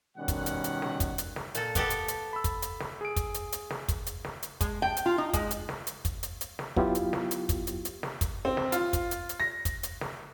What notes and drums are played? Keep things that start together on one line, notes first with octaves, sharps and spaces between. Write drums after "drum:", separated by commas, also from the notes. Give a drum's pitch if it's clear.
B2 D#3 G3 C#4 F#5
drum: kick, hi-hat
drum: hi-hat
drum: hi-hat
drum: snare
drum: kick, hi-hat
drum: hi-hat
drum: snare
A#2 A4, drum: hi-hat
B3 G4 A4, drum: kick, hi-hat
drum: hi-hat
drum: hi-hat
B5 E6
drum: kick, hi-hat
drum: hi-hat
drum: snare
G#4 D7
drum: kick, hi-hat
drum: hi-hat
drum: hi-hat
drum: snare
drum: kick, hi-hat
drum: hi-hat
drum: snare
drum: hi-hat
G#3, drum: kick, hi-hat
G5
drum: hi-hat
F4
D#4
G#3, drum: kick, hi-hat
drum: hi-hat
drum: snare
drum: hi-hat
drum: kick, hi-hat
drum: hi-hat
drum: hi-hat
drum: snare
F#3 B3 E4 F4 G4, drum: kick
drum: hi-hat
drum: snare
drum: hi-hat
drum: kick, hi-hat
drum: hi-hat
drum: hi-hat
drum: snare
drum: kick, hi-hat
C4
drum: snare
F4, drum: hi-hat
drum: kick, hi-hat
drum: hi-hat
drum: hi-hat
A#6
drum: kick, hi-hat
drum: hi-hat
drum: snare